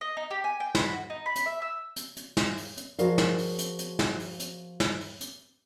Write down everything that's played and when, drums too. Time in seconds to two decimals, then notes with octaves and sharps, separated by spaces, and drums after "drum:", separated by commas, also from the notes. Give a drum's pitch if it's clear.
0.01 D#5
0.17 D#4
0.31 G4
0.44 G#5
0.60 G5
0.75 B4, drum: snare
0.87 F#4
1.10 D#4
1.26 B5
1.35 drum: hi-hat
1.46 E5
1.62 E6
1.96 drum: hi-hat
2.17 drum: hi-hat
2.37 drum: snare
2.57 drum: open hi-hat
2.77 drum: hi-hat
2.99 F3 F#4 G#4 A#4 D5 F5, drum: hi-hat
3.18 drum: snare
3.38 drum: open hi-hat
3.58 drum: hi-hat
3.79 drum: hi-hat
3.99 drum: snare
4.19 drum: open hi-hat
4.39 drum: hi-hat
4.80 drum: snare
5.00 drum: open hi-hat
5.21 drum: hi-hat